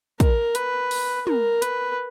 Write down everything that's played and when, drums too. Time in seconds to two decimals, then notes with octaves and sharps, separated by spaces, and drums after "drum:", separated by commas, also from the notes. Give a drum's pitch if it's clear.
0.20 A#4, drum: kick, hi-hat
0.55 B4, drum: hi-hat
0.91 drum: open hi-hat
1.27 A#4, drum: tom
1.62 B4, drum: hi-hat